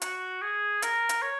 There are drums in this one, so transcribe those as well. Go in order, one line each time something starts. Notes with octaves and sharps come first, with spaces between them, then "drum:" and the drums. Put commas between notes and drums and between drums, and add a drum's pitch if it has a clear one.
F#4, drum: hi-hat
G#4
A#4, drum: hi-hat
drum: hi-hat
C#5